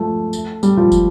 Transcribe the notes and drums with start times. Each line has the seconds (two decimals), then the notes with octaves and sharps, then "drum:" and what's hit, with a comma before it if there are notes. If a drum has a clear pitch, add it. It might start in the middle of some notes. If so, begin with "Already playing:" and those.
Already playing: F3 A3
0.33 drum: tambourine
0.63 G3, drum: tambourine
0.77 F3
0.92 drum: kick, tambourine